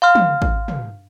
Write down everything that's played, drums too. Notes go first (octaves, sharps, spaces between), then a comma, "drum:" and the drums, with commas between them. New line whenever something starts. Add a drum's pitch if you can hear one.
F5 C6 F6
drum: tom
drum: kick G#1
drum: tom